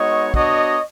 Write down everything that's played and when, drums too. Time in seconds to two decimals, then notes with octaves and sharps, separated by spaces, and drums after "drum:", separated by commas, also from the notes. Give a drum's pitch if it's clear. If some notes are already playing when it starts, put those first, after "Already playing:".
Already playing: G#3 B3 D#4 F#4 C#5 D#5
0.34 B3 D4 F#4 C#5 D#5, drum: kick